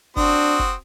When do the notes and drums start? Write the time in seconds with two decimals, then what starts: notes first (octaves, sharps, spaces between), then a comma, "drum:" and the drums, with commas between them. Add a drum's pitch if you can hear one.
0.17 C4 D4 F#4 D#6, drum: kick
0.59 drum: kick